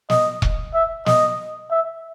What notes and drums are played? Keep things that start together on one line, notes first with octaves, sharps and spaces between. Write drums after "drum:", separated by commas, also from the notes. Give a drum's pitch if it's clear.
D#5, drum: snare
drum: kick E1
E5
D#5, drum: snare
E5